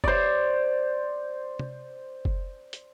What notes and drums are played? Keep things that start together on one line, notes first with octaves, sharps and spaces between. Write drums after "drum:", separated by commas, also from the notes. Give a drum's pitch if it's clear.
C5 D5, drum: kick
drum: tom
drum: kick
drum: hi-hat